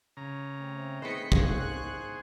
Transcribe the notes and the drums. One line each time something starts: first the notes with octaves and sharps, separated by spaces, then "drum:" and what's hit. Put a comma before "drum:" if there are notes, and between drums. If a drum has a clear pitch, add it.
C#3 A#5
A3 C4
D#3 B3 G#4 C5 D#5 B6 C#7
G#2 A#3 G#4 C5 C#6 F#6, drum: kick